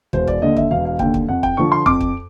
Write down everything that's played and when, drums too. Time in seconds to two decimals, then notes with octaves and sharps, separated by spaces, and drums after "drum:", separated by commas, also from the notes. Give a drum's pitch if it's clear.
0.13 E1 C5, drum: kick
0.28 D5, drum: kick
0.41 D#2 D3 D#5
0.57 E5, drum: kick
0.71 E1 F5
0.85 F5
0.99 D#2 D3 G5, drum: kick
1.14 drum: kick
1.28 F2 F#5
1.43 G5, drum: kick
1.57 D3 F3 C#6
1.72 C6
1.86 F2 D6, drum: kick
2.01 drum: kick